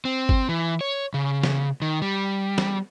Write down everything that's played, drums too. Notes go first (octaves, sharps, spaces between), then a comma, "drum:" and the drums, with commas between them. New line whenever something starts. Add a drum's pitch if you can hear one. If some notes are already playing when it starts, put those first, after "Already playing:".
C4
drum: kick G1
E3
C#5
C#3
drum: snare
D#3
G3
drum: snare